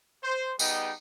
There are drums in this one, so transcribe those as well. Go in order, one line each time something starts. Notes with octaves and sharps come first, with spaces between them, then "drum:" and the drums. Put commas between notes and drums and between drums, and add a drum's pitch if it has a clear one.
C5
G3 B3 D#4 G#4 D#5 G5, drum: tambourine